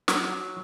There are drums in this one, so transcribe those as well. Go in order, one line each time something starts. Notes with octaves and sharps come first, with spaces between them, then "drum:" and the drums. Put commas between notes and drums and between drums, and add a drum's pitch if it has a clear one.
F#3, drum: snare